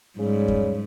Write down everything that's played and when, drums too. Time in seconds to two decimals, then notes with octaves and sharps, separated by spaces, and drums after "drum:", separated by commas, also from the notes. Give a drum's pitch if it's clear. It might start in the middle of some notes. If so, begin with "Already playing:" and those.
0.18 G#2 C#3 F#3 G3
0.48 drum: kick E2